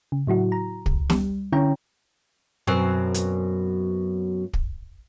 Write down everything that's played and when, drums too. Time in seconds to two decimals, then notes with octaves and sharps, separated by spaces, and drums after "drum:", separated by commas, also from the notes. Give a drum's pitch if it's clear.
0.12 C#3
0.27 A2 F#3 E4 F#4
0.52 A#5
0.86 C#2, drum: kick
1.10 G3, drum: snare
1.52 D3 C#4 E4 C#5 G5 A#5
2.67 F#2 B2 C4
3.14 drum: hi-hat
4.54 drum: kick